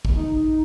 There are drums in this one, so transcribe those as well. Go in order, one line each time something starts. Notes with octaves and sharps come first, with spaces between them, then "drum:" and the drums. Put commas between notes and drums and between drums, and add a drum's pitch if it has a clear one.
drum: kick
D#4